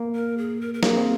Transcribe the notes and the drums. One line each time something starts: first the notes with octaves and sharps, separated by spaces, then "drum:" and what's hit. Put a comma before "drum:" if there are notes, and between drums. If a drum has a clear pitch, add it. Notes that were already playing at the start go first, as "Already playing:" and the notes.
Already playing: A#3
A#4
G#4
A#4
A#4
A#3 G#4, drum: snare
C4